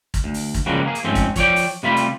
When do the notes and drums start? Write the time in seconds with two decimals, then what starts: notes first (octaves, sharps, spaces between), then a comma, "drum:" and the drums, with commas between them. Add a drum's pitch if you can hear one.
0.14 drum: kick, hi-hat
0.24 D2
0.34 drum: open hi-hat
0.54 drum: kick, hi-hat
0.66 C#3 F3 G3 G#3 A#3 F#4
0.84 A#3 G#4
0.95 drum: hi-hat
1.05 F2 G#2 A3 C4 C#4
1.15 drum: kick, hi-hat
1.36 F3 C#5 D5 G5, drum: kick, hi-hat
1.56 drum: open hi-hat
1.83 C3 G3 A3 F4 B5
1.97 drum: hi-hat